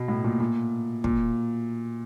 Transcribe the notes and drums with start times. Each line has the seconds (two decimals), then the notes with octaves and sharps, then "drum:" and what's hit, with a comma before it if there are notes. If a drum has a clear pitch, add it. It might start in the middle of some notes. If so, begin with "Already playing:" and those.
Already playing: B2
0.08 A2
0.24 A#2
0.40 A#2
1.04 A#2, drum: kick